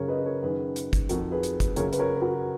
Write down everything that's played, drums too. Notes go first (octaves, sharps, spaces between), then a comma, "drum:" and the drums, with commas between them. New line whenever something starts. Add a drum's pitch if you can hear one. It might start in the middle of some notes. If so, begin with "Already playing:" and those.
Already playing: F#2 C#3 A#4 C#5
B4 D#5
A#4 C#5
F#2 D#3 G#4 B4
drum: hi-hat
drum: kick, hi-hat
F2 D#3 F#4 A#4, drum: hi-hat
G#4 B4
drum: hi-hat
drum: kick, hi-hat
F#2 C#3 A#4 C#5, drum: hi-hat
B4, drum: hi-hat
A#4 C#5
B4
F#4 A#4